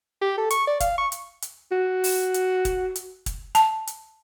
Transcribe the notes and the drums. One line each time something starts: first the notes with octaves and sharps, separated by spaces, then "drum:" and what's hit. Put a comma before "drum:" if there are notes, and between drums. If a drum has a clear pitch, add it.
G4
A4
C#6, drum: hi-hat
D5
F5, drum: kick, hi-hat
C#6
drum: hi-hat
drum: hi-hat
F#4
drum: open hi-hat
drum: hi-hat
drum: kick, hi-hat
drum: hi-hat
drum: kick, hi-hat
A5, drum: hi-hat
drum: hi-hat